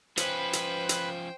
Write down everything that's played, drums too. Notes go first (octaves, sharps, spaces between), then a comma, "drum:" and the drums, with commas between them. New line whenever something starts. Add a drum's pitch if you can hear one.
F3 C#4 B4 C5 G5, drum: hi-hat
drum: hi-hat
drum: hi-hat